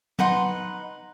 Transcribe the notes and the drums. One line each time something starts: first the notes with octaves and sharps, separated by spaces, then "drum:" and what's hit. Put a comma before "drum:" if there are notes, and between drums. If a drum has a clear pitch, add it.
D#4 B4 F#5 C6, drum: tom F#3